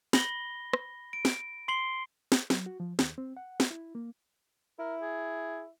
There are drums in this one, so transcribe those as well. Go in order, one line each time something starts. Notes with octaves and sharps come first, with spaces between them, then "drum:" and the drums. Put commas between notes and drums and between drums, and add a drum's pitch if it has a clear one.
B5 A#6 G7, drum: snare
drum: rim click
D7
drum: snare
C6 C7 F#7 G7
drum: snare
F#3, drum: snare
F#4
F3
D#2, drum: snare
C4
F#5
drum: snare
E4
A#3
E4 A#4
G#4